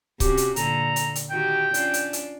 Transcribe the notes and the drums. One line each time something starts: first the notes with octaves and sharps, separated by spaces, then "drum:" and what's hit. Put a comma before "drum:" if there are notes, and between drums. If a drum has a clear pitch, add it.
C3 C#4 F#4 G4, drum: kick C#1, hi-hat
drum: hi-hat
A#2 D3 A4 A#5, drum: hi-hat
drum: hi-hat
drum: hi-hat
D#3 F#4 G4 G5
C#4 D4 F4, drum: hi-hat
drum: hi-hat
drum: hi-hat